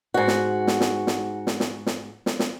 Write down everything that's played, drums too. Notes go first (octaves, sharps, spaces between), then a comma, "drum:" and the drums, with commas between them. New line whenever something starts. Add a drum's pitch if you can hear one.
G#2 F#4
drum: snare
drum: snare
drum: snare
drum: snare
drum: snare
drum: snare
drum: snare
drum: snare
drum: snare